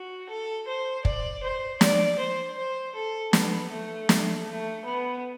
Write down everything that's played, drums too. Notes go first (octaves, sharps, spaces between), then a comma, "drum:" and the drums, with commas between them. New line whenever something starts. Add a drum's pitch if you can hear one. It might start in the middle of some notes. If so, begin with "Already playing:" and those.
Already playing: F#4
A4
C5
D5, drum: kick
C5
D5, drum: snare
C5
C5
A4
B3, drum: snare
A3
drum: snare
A3
B3